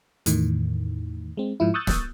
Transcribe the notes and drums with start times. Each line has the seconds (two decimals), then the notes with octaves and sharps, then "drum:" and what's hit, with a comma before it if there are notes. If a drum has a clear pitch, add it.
0.26 E2 A2 D#3, drum: hi-hat
1.37 G#3 C4
1.60 G#2 F3 E4
1.74 C#6 D#6 E6 F#6 G6 A6
1.87 drum: snare